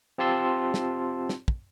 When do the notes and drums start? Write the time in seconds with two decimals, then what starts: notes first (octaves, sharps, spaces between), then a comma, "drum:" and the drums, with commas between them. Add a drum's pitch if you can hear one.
0.18 C4 F4 G4 A5 C6 E6
0.74 drum: snare
1.29 drum: snare
1.48 drum: kick